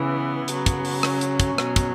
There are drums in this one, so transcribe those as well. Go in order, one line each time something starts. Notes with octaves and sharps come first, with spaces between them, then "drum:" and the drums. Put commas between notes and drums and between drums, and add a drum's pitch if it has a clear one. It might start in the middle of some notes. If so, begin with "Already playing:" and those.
Already playing: C#3 E3 B3
C#3 F#3, drum: hi-hat
drum: kick, hi-hat
drum: open hi-hat
C#4, drum: rim click
drum: hi-hat
drum: kick, hi-hat
B2 F#3, drum: rim click
drum: kick, hi-hat